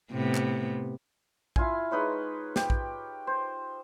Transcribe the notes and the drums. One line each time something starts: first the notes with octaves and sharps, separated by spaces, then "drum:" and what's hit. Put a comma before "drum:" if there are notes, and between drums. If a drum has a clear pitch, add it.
A2 C3 B3
drum: clap
E4 F4 F5 G#5, drum: kick A#1
G#3 D#4 B4 C#5
G4, drum: snare
drum: kick A#1
C5